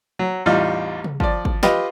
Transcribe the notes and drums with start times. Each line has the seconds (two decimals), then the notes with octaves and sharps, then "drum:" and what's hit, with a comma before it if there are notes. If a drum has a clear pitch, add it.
0.19 F#3
0.46 A1 E2 G3 D#4 F4
1.04 drum: tom C3
1.20 F3 D5, drum: kick
1.45 drum: kick
1.63 F4 G4 B4 D#5, drum: snare